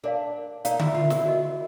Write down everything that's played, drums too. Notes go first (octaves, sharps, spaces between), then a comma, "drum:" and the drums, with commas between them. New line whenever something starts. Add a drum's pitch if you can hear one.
D4 A#4 D5 F5
D#4 A#4 D5 F5, drum: hi-hat
E4, drum: tom D3
F4
E4, drum: snare
F#4 A#4 D#5